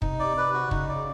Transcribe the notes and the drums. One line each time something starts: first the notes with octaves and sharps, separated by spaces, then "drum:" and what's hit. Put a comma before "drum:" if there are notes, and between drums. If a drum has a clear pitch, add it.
C3 D#4, drum: kick
D5
B4
F#4
C3
C#3 D#4, drum: kick
D5